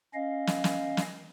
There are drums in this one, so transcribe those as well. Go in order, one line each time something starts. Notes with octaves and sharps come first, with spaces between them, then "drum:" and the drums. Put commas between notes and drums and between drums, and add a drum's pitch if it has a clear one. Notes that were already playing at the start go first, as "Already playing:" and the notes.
C#4 D#5 F5
drum: snare
drum: snare
drum: snare